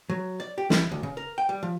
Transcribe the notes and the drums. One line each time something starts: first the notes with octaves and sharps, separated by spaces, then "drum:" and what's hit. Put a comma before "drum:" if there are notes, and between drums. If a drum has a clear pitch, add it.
F#3
D5
G4
E4, drum: snare
D2
C#3
A#4
G5
G3
F3